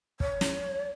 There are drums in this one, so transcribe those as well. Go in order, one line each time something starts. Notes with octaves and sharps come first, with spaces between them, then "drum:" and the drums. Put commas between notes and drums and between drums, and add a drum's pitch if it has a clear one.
C#5, drum: kick
drum: snare